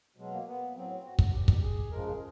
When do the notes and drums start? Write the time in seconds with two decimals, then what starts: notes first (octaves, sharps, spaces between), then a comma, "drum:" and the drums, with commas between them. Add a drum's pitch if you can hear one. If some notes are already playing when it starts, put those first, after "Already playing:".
0.16 B2 F#3 G#3
0.31 A#3
0.46 B3
0.75 A2 F#3 C4
1.05 F#4
1.19 F#4, drum: kick
1.33 B2 G3 G4
1.48 drum: kick
1.62 G#4
1.91 C#3 F3 G#3 A#4
2.06 G#4